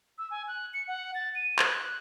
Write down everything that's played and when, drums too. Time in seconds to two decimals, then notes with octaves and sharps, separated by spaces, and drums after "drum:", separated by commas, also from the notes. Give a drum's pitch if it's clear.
0.18 E6
0.31 G#5
0.48 F#6
0.74 C#7
0.87 F#5
1.15 A6
1.35 D#7
1.59 F#6, drum: clap